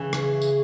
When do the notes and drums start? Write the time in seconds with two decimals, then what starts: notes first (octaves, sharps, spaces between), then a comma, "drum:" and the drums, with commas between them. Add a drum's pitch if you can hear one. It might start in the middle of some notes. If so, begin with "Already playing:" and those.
Already playing: C#3 E3
0.13 G#4, drum: rim click
0.42 drum: tambourine